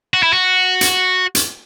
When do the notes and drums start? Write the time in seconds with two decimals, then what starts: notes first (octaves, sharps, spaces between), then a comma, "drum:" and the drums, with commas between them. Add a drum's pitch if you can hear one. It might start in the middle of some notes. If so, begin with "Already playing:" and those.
0.14 F#4
0.23 E4
0.33 F#4
0.81 drum: hi-hat
1.35 drum: hi-hat